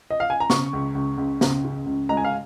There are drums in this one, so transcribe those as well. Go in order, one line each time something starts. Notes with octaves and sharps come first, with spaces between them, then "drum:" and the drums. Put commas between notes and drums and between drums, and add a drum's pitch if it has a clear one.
D#5
F5
G#5
A#5
C#3 C#6, drum: snare
C#2
C#2
C#2
C#3, drum: snare
C#3
C#2
G#3 A#5
G#5
F5